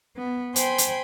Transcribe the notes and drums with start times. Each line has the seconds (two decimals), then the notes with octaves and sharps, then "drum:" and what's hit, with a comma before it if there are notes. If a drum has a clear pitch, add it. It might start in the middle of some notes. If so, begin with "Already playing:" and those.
0.15 B3
0.56 C5 G5 G#5 B5 C6, drum: hi-hat
0.78 drum: hi-hat